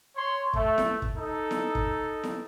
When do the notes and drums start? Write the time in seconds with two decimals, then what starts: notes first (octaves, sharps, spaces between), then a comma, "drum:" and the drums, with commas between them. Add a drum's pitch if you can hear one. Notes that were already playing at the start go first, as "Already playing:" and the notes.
0.17 C#5 C6
0.53 A3, drum: kick
0.78 drum: snare E4
1.02 drum: kick
1.16 D#4 A4
1.51 drum: snare E4
1.75 drum: kick
2.23 drum: snare E4